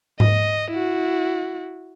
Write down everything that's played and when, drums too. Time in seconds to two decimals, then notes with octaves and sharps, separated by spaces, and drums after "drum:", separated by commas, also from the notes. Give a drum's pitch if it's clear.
0.20 D#5, drum: tom G#2
0.71 E4 F#4